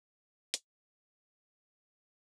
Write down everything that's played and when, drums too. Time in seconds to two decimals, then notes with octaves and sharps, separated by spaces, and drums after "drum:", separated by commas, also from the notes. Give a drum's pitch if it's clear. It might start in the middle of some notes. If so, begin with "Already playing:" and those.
0.09 B2
0.24 G2
0.39 F#2
0.54 F#2, drum: hi-hat
0.85 G#2
1.00 A2
1.45 A2
1.61 G#2
1.76 G2
1.91 F2
2.06 B2
2.21 C3